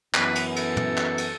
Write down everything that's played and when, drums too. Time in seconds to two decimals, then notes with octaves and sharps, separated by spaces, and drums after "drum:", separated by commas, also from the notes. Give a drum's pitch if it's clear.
0.14 F#2 E3 B3 B4, drum: clap
0.35 drum: cymbal
0.56 A4, drum: cymbal
0.77 drum: tom
0.97 drum: clap
1.18 drum: cymbal